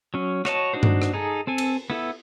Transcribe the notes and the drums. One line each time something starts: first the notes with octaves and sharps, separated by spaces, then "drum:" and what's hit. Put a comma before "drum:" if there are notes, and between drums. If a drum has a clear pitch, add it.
F#3 C#4
F#4 C#5 D#5 A5, drum: rim click
D4 D#4 F#4 C5
drum: tom G2
drum: rim click
D#4 G#4 A4
C4 A4 G#5
drum: cymbal
B3 E4 A4